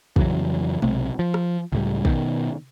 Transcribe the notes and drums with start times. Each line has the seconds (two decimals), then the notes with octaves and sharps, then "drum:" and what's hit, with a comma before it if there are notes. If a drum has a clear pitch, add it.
0.16 F2 C#3 E3 F#3, drum: kick
0.82 B1 C3, drum: tom G#3
1.19 F3
1.34 drum: rim click
1.72 C#2 A2 G3
2.05 B2 D#3, drum: kick